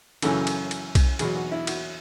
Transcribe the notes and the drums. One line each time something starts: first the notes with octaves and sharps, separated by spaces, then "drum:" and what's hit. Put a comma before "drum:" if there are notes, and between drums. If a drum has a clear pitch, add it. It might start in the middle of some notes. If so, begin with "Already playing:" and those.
F#2 C#3 E3 A4, drum: cymbal
drum: cymbal
drum: cymbal
drum: kick B1, cymbal
E2 B2 F#3 G#4, drum: cymbal
F#4
E4
F#4, drum: cymbal